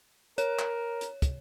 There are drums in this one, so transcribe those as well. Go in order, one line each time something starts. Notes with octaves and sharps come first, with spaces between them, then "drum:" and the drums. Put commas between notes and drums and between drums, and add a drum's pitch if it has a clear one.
A#4 C#5, drum: hi-hat
drum: clap
drum: hi-hat
drum: kick, hi-hat